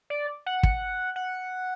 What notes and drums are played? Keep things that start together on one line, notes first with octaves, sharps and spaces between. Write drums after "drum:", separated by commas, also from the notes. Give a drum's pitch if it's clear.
D5
F#5
drum: kick
F#5